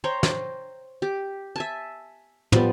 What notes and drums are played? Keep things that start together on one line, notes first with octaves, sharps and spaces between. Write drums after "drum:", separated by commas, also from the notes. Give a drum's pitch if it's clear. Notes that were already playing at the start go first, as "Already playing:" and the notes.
C5 C#5 G5 A#5
drum: snare
G4
E5 G#5 A5
F3 G3 B3, drum: tom